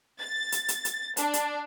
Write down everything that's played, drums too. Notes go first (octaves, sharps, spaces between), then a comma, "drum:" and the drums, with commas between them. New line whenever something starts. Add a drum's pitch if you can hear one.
A6
drum: hi-hat
drum: hi-hat
drum: hi-hat
D4, drum: hi-hat
drum: hi-hat